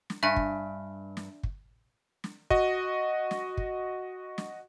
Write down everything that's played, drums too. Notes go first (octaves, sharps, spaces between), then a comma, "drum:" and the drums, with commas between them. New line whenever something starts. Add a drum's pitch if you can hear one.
drum: snare
G2 E5 G#5
drum: kick
drum: snare
drum: kick
drum: snare
F#4 D#5, drum: kick
drum: snare
drum: kick
drum: snare